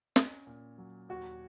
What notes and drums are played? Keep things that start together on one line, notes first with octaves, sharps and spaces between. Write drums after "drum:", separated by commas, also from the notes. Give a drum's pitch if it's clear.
C#4, drum: snare
A#2
F#3
D#2 F#4